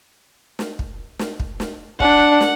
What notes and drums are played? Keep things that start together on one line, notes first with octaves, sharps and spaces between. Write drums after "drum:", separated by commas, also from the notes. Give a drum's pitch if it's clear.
drum: snare
drum: kick
drum: snare
drum: kick
drum: snare
D4 F#5, drum: kick
drum: snare